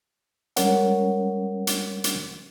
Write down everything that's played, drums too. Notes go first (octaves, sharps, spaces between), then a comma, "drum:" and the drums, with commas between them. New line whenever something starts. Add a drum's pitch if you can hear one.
G3 G#3 C#4 A#4 C#5 F#5, drum: hi-hat
drum: hi-hat
drum: hi-hat